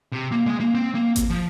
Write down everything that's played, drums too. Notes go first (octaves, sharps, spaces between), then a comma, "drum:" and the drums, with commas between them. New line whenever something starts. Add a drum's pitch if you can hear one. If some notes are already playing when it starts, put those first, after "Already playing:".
C3
A#3
G#3
A#3
C4
A#3
drum: kick G#1, hi-hat
F3